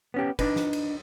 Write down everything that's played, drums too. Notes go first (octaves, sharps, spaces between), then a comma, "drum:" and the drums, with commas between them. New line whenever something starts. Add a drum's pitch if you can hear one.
B3 C#4 G4
D4 D#4 B4, drum: kick, cymbal
drum: snare
drum: cymbal